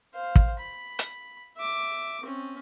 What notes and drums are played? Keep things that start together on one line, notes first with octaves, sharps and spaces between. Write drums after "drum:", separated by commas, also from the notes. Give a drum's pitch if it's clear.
C5 F5
drum: kick
B5
drum: hi-hat
E5 D6
C4 C#4